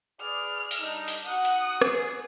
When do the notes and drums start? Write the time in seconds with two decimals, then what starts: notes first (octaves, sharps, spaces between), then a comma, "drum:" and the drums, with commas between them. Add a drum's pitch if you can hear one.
0.21 G#4 B4 D5 F6
0.71 drum: open hi-hat
0.80 G3 D4 D#4
1.08 drum: open hi-hat
1.26 D#4 F#4 F#5 D#6
1.45 drum: hi-hat
1.81 G#4, drum: rim click